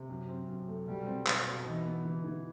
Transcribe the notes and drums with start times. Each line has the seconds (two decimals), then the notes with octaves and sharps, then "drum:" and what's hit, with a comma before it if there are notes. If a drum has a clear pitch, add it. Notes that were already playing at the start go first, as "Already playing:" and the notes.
Already playing: C3
0.10 F#2
0.29 C4
0.48 F#2
0.68 A3
0.87 B2 G3
1.07 C4
1.27 B2, drum: clap
1.47 B2
1.65 E3 D#4
1.85 B3
2.05 E3
2.24 E3